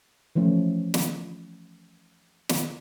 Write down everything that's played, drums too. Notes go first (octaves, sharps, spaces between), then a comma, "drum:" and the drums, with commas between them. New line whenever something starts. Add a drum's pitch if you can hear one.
E3 F3 A3 C#4
drum: snare
drum: snare